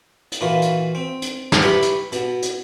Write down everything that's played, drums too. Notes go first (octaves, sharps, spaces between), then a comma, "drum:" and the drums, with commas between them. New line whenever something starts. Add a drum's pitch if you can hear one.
drum: hi-hat
A#2 E3 F4 F#4
drum: hi-hat
C4
drum: hi-hat
drum: snare
E4 G4 B4 C#5 B5
drum: hi-hat
B2, drum: hi-hat
drum: hi-hat